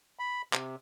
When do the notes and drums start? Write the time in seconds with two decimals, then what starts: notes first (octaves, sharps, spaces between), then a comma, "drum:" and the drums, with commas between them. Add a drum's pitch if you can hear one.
0.19 B5
0.53 C3, drum: clap